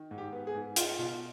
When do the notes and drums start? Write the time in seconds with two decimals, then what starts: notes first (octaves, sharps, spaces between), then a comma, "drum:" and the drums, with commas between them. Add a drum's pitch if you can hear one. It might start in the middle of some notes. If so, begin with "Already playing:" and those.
Already playing: D#3
0.11 G#2
0.18 G4
0.32 B3
0.47 G#4
0.54 G#2
0.76 G#3 F4, drum: hi-hat
0.99 B2 F4